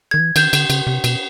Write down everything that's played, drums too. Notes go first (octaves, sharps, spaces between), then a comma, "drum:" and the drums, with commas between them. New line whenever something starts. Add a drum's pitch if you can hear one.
D#3 G#6
E3
D#3 G6, drum: cymbal
D3, drum: cymbal
C#3, drum: cymbal
C3
B2, drum: cymbal